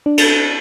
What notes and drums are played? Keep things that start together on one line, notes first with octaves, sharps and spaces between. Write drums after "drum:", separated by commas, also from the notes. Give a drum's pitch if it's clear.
D4
drum: cymbal